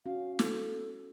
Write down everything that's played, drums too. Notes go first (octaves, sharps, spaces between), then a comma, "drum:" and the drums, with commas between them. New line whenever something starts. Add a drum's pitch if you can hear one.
C#4 F#4 F5
A4, drum: snare